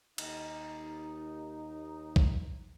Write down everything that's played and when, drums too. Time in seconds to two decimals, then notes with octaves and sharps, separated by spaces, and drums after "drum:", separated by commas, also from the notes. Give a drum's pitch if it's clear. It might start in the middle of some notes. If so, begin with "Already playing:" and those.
0.18 D#2 D#4, drum: cymbal
2.16 drum: kick A#1